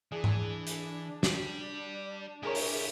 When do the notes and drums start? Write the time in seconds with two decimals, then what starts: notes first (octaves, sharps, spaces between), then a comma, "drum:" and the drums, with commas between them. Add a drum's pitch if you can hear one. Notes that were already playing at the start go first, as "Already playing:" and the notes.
0.12 E3 D4 G#4
0.24 drum: tom G#2
0.67 drum: hi-hat
1.23 G4 D5, drum: snare
2.43 E4 G4 G#4 A#4 C#5
2.55 drum: open hi-hat